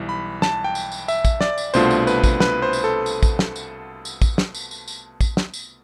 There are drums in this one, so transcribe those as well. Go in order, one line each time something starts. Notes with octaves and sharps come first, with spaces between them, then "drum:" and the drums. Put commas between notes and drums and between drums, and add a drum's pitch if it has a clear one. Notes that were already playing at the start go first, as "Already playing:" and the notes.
Already playing: B1 E3 G3
B5
A5, drum: snare
G5
drum: tambourine
drum: tambourine
E5, drum: tambourine
drum: kick, tambourine
D5, drum: snare
drum: tambourine
C2 B2 A3 D4 F4 C5, drum: tambourine
drum: tambourine
B4, drum: tambourine
drum: kick, tambourine
B4, drum: snare
C5
drum: tambourine
A4
drum: tambourine
drum: kick, tambourine
drum: snare
drum: tambourine
drum: tambourine
drum: kick, tambourine
drum: snare
drum: tambourine
drum: tambourine
drum: tambourine
drum: kick, tambourine
drum: snare
drum: tambourine